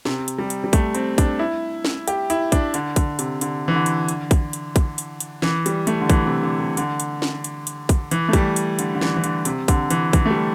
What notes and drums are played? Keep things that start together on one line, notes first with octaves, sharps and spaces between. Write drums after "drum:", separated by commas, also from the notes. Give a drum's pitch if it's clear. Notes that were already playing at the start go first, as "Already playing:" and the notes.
C3, drum: snare
drum: hi-hat
G3
drum: hi-hat
G3
A3, drum: kick, hi-hat
C4, drum: hi-hat
D4, drum: kick, hi-hat
E4
drum: snare
G4, drum: hi-hat
E4, drum: hi-hat
D4, drum: kick, hi-hat
D3, drum: hi-hat
D3, drum: kick, hi-hat
C3, drum: hi-hat
D3, drum: hi-hat
E3
D3
drum: hi-hat
drum: hi-hat
drum: kick, hi-hat
drum: hi-hat
drum: kick, hi-hat
drum: hi-hat
drum: hi-hat
E3, drum: snare
G3, drum: hi-hat
A3, drum: hi-hat
D3
E3, drum: kick, hi-hat
C3
D3
C3
D3, drum: hi-hat
drum: hi-hat
drum: snare
drum: hi-hat
drum: hi-hat
drum: kick, hi-hat
E3, drum: hi-hat
A3
G3, drum: kick, hi-hat
drum: hi-hat
D3, drum: hi-hat
D3
E3, drum: snare
E3
D3, drum: hi-hat
C3, drum: hi-hat
D3, drum: kick, hi-hat
E3, drum: hi-hat
E3, drum: kick, hi-hat
A3
G3